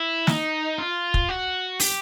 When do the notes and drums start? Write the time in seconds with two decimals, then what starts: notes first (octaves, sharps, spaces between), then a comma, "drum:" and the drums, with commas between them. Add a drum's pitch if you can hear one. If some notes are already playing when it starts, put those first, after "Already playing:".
Already playing: E4
0.27 D#4, drum: snare
0.78 F4
1.14 drum: kick
1.29 F#4
1.80 G4, drum: open hi-hat